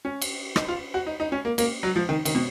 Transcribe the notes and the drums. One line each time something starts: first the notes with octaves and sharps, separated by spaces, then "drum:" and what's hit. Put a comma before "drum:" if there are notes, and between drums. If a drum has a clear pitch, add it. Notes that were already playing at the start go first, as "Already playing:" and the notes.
C#4
drum: cymbal
D#4, drum: rim click
F4
F#4
D#4
D#4
C#4
A#3
A#3, drum: cymbal
F#3
F3
D#3
D#3, drum: cymbal
B2